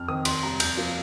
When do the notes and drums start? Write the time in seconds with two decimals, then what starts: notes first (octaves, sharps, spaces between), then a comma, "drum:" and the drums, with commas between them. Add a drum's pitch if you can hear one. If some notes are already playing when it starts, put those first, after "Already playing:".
Already playing: F2 F6
0.08 D#3 C4 D#6
0.25 F2 C6, drum: cymbal
0.43 C3 G3 A#5
0.60 F2 G6, drum: cymbal
0.77 F3 A#3